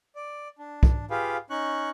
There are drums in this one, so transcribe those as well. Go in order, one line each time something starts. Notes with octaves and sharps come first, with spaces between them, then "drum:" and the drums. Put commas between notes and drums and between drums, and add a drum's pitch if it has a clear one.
D5
D4
drum: kick
F4 G4 G#4 B4 F5
C#4 D#4 C#6 F#6